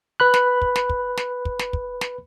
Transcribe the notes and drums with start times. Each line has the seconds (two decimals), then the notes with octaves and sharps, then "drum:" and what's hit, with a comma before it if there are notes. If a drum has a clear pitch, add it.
0.20 B4 B5 F#6
0.34 drum: snare
0.62 drum: kick
0.76 drum: snare
0.89 drum: kick
1.17 drum: snare
1.45 drum: kick
1.59 drum: snare
1.73 drum: kick
2.01 drum: snare